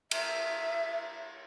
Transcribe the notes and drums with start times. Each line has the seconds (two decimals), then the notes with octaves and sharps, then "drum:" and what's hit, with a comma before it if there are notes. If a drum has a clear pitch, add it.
0.11 E5, drum: cymbal